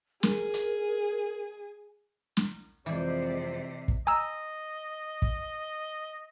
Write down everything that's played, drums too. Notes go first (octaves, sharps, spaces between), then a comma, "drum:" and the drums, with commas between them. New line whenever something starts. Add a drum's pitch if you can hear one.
G#4 A#4, drum: snare
drum: hi-hat
drum: snare
F2 C3 E3 G#3 D5
drum: kick
D#5 G#5 A#5 E6
drum: kick